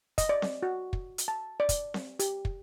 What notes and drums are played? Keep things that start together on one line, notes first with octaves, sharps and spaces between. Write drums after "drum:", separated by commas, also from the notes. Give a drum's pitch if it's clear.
D#5, drum: kick, hi-hat
D5
drum: snare C4
F#4
drum: kick
drum: hi-hat
A5
D5
drum: kick, hi-hat
drum: snare C4
G4, drum: hi-hat
drum: kick